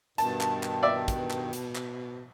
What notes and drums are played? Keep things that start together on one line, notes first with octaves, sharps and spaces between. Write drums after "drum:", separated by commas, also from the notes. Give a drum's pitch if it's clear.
G2 B2 D#3 A5, drum: hi-hat
drum: clap
drum: clap
D5 E5
drum: kick, hi-hat
drum: clap
drum: hi-hat
drum: clap